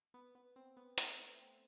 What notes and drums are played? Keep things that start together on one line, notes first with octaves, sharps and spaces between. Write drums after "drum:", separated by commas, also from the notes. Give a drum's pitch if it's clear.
B3
B3
C4
B3
A3, drum: hi-hat
B3
C4